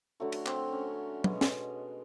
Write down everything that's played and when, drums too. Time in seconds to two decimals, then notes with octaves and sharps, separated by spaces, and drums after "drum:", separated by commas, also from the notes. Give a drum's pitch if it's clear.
0.20 D3 F#3 A3 F#4
0.32 drum: cymbal
0.46 C4, drum: clap
0.72 C#4
1.24 B2 G#3 B3, drum: tom
1.41 drum: snare